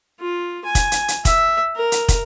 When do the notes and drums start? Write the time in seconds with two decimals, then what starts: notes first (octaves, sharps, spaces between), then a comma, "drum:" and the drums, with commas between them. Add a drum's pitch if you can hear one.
0.20 F4
0.65 G#5
0.75 drum: kick, hi-hat
0.92 drum: hi-hat
1.08 drum: hi-hat
1.25 E5, drum: kick, hi-hat
1.76 A#4
1.92 drum: hi-hat
2.08 drum: kick, hi-hat